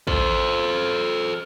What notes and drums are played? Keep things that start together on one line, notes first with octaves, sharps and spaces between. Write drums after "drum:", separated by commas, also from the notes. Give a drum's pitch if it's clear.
A4 C5, drum: kick